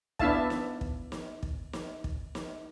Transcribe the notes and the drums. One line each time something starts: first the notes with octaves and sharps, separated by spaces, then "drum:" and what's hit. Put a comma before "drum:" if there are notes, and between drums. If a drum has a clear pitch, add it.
B3 D4 E4 E5 F5 A5, drum: kick
drum: snare
drum: kick
drum: snare
drum: kick
drum: snare
drum: kick
drum: snare